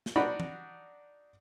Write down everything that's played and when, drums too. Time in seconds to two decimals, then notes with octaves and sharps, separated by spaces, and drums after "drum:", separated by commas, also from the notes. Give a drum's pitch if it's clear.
0.06 drum: snare
0.16 D4 D#4 F#4 F#5 B5
0.40 drum: tom E3